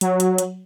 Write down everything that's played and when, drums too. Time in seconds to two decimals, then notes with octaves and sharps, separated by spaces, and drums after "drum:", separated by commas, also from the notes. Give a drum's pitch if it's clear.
0.01 F#3, drum: hi-hat
0.20 drum: hi-hat
0.38 drum: hi-hat